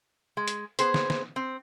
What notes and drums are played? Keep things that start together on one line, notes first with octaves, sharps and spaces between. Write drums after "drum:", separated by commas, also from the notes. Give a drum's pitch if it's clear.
G#3
drum: hi-hat
B3 G#4 C5, drum: hi-hat
drum: snare
drum: snare
C4